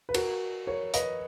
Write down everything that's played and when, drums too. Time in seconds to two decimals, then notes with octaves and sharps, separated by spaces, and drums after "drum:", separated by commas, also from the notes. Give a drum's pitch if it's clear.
0.09 B4
0.14 F#4 A#4, drum: cymbal
0.67 A#4 C#5
0.94 B4 D#5, drum: hi-hat